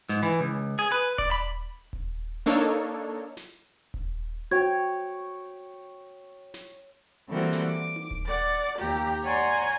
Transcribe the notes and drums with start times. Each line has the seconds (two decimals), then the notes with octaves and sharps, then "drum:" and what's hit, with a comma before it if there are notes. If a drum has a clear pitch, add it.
0.09 G#2, drum: snare
0.23 E3
0.40 C#2
0.79 G#4
0.92 B4
1.18 D5, drum: kick D#1
1.31 B5
1.93 drum: kick D#1
2.46 A#3 D4 D#4 A4 C#5
3.37 drum: snare
3.94 drum: kick D#1
4.51 F#4 C#5 G5 G#6
6.54 drum: snare
7.28 D3 E3 G3 A#3 C4 F#4
7.53 drum: snare
7.71 D6
7.96 drum: tom D#4
8.11 drum: kick D#1
8.26 D5 F#5 A6
8.78 D#2 G4 A#5
9.08 drum: open hi-hat
9.23 C#5 D5 F#5 G#5 A#5 C6